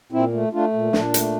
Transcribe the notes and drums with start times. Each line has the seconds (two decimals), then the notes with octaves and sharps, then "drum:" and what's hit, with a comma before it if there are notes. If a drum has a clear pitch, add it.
0.12 A#2 C4 E4
0.33 A3
0.53 A3 D4 F4
0.73 A#2
0.93 A#2 D4, drum: snare
1.14 A3, drum: hi-hat